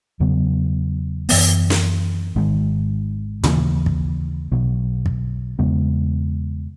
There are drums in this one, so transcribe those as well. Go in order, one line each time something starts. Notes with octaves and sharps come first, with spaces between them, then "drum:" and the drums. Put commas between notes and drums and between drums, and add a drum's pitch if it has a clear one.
E2 C#3 F#3 B3
F#2 E3 B3, drum: open hi-hat
drum: snare
G#1 G#2 D#3 G#3
D#2 C#3 E3 A#3, drum: tom
drum: kick
B1 B2 F#3
drum: kick
E2 C#3 G#3 B3